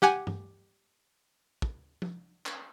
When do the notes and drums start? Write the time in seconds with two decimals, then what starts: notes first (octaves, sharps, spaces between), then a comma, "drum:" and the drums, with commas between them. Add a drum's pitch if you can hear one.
0.02 G4 F#5 G#5, drum: snare
0.27 drum: tom G2
1.62 drum: kick
2.02 drum: tom F3
2.46 drum: clap